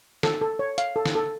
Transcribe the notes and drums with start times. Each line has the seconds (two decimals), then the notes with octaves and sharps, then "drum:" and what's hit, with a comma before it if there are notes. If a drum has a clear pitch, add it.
0.23 A4, drum: snare
0.42 A4
0.59 C#5
0.78 F5, drum: hi-hat
0.96 A4
1.06 drum: snare
1.15 A4